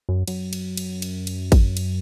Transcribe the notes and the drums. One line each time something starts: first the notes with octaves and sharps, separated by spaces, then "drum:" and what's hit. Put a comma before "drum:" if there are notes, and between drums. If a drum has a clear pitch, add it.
F#2
F#2, drum: cymbal
drum: cymbal
drum: cymbal
drum: cymbal
drum: cymbal
drum: kick G#1, cymbal
drum: cymbal